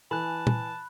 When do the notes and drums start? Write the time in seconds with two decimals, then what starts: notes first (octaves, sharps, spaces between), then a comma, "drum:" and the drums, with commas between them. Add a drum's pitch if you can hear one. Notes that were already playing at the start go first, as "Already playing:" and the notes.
0.11 E3 G#5 A5 B5 F#6
0.47 drum: tom